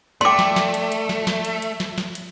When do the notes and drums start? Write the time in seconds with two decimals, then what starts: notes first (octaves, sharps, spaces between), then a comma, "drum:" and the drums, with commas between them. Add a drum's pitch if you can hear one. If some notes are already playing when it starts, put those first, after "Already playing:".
0.21 A3 D5 G5 C6 D6, drum: hi-hat
0.39 drum: snare
0.56 drum: snare
0.74 drum: hi-hat
0.92 drum: hi-hat
1.09 drum: snare
1.27 drum: snare
1.45 drum: hi-hat
1.62 drum: hi-hat
1.80 drum: snare
1.98 drum: snare
2.15 drum: hi-hat